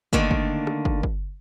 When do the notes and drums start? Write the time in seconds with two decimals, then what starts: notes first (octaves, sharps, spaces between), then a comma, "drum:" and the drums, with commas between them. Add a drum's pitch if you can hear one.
0.13 D3 D#3 A3 A#3 D4, drum: kick
0.31 drum: kick
0.67 drum: rim click
0.85 drum: kick
1.03 drum: kick